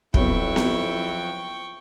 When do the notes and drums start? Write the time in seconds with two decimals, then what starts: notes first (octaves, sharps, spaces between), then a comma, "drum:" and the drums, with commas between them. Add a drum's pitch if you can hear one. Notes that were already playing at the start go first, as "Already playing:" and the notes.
0.14 F2 C#3 F#3 B3 E4 G5 C#6, drum: kick
0.56 drum: snare B3